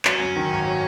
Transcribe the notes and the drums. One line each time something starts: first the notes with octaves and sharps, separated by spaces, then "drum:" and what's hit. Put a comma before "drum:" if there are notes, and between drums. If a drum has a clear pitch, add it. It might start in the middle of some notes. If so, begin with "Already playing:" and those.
F#3 C#4, drum: clap
F#2
D#3
G#1
F#3